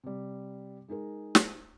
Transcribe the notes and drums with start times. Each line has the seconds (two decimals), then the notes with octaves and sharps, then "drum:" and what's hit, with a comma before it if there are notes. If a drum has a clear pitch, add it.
0.04 C3 G3
0.88 G#3 D#4 G#4 A#4
1.35 drum: snare